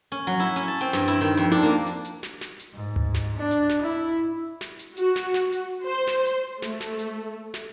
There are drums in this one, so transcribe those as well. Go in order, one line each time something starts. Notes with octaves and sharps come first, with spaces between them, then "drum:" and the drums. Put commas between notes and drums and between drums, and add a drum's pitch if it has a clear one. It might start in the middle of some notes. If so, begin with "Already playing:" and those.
C#4
F#3
E4, drum: hi-hat
C#4, drum: hi-hat
A5
C4
G2, drum: snare
E4
D#3
F2
D4, drum: tom D#4
A#3
drum: hi-hat
drum: hi-hat
drum: snare
drum: snare
drum: hi-hat
G#2
drum: tom D2
drum: snare
D4
drum: hi-hat
drum: snare
E4
drum: snare
drum: hi-hat
F#4, drum: hi-hat
drum: snare
drum: snare
drum: hi-hat
C5
drum: snare
drum: hi-hat
A3, drum: snare
drum: snare
drum: hi-hat
drum: snare